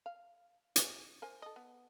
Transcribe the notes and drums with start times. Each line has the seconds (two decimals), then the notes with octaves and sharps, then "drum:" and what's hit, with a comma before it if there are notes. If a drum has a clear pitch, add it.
0.06 F5
0.76 G#4, drum: hi-hat
1.22 A#4 C5 G#5
1.42 A4 D#5
1.56 B3